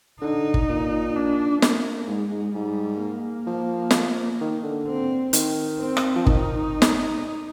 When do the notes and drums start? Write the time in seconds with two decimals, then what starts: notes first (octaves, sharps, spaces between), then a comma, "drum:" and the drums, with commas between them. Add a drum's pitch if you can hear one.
0.22 D3 D#4
0.54 drum: kick
0.69 A#2
1.16 D4
1.62 A#3, drum: snare
2.08 G#2 G#3
2.31 G#2
2.54 G#2 G3
3.01 A#3
3.47 F3
3.91 drum: snare
4.41 D#3
4.63 D3
4.88 C4
5.33 D#3, drum: hi-hat
5.80 C4
5.97 drum: rim click
6.16 F3
6.26 D#3 D#4, drum: kick
6.82 drum: snare